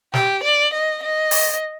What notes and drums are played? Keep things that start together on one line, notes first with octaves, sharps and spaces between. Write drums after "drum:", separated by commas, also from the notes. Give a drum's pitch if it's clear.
G4, drum: snare
D5
D#5
D#5
drum: open hi-hat